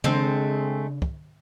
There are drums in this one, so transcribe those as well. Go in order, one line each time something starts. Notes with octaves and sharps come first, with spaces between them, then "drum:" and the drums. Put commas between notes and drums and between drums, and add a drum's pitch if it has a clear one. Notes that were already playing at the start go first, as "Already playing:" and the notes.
C#3 G#3 A3 C4 D4, drum: tom D#3
drum: kick